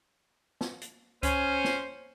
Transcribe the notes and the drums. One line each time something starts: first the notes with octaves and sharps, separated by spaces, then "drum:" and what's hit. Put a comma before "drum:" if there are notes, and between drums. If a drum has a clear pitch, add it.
drum: snare
drum: hi-hat
C#4 C5, drum: kick C#2, hi-hat
drum: snare